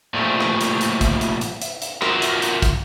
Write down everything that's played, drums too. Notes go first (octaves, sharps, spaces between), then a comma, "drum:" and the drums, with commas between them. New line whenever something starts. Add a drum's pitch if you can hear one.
A#2 F3 G3 A3
drum: rim click
drum: hi-hat
drum: hi-hat
drum: kick, hi-hat
drum: hi-hat
drum: hi-hat
drum: hi-hat
drum: hi-hat
F4 F#4 A#4 E5, drum: rim click
drum: hi-hat
drum: hi-hat
drum: kick, hi-hat